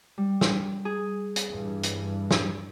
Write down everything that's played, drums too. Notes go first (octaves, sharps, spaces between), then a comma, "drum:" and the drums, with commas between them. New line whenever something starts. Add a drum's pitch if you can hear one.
G3
drum: snare
G#4
drum: hi-hat
G2 E3
drum: hi-hat
drum: snare